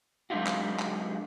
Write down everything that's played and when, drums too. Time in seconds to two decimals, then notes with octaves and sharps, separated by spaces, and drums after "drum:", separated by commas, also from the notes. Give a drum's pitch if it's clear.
0.30 F#3 G#3 D4 D#4 F4 F#4
0.46 drum: clap
0.79 drum: clap